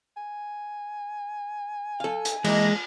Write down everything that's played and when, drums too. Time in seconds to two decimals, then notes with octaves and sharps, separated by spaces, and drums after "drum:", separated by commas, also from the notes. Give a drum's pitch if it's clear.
0.17 G#5
2.00 A4 F5
2.25 drum: hi-hat
2.44 E3 G#3 A#3 D#5, drum: cymbal